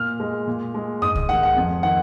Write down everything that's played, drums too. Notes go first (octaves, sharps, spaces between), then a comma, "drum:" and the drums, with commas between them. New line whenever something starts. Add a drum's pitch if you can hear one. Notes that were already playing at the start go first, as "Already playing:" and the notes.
Already playing: A#2 F6
G#3
A#2
G#3
G#2 D#6
drum: kick C2
D#3 G#3 F#5
F#5
F2
D#3 F#5